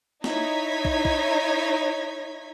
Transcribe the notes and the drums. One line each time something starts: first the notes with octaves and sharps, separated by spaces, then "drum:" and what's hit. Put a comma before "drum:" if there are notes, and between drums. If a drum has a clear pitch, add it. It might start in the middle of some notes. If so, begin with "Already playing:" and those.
D#4 E4 C#5 D#5 G#6 B6, drum: snare
drum: kick
drum: kick